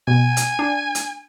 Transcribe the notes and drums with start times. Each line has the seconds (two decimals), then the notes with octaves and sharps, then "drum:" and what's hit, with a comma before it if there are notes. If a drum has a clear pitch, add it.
0.08 B2 G#5
0.37 drum: hi-hat
0.59 D4
0.95 drum: hi-hat